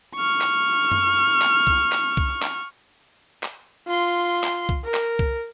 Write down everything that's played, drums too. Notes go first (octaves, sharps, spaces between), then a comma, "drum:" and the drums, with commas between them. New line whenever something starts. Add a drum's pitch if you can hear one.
C#6 F6
drum: clap
drum: tom F#2
drum: clap
drum: kick C2
drum: clap
drum: kick C2
drum: clap
drum: clap
F4 C6
drum: clap
drum: kick C2
A#4
drum: clap
drum: kick C2